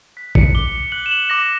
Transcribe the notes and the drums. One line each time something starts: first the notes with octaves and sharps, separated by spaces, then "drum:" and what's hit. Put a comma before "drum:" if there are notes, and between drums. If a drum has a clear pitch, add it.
F#6 B6
C#7, drum: kick A1
D6 G7
F#6 F#7
E7
F#7
D6 A#6